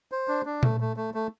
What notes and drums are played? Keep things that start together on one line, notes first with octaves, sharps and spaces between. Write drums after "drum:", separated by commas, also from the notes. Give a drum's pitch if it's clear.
C5
D4
D4
A3, drum: tom A#2
A3
A3
A3